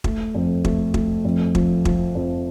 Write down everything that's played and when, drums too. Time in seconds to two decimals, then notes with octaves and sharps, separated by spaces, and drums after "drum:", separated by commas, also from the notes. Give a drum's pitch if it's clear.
0.04 A3, drum: kick
0.34 F2
0.65 A3, drum: kick
0.94 A3, drum: kick
1.25 F2
1.55 F3, drum: kick
1.85 F3, drum: kick
2.15 F2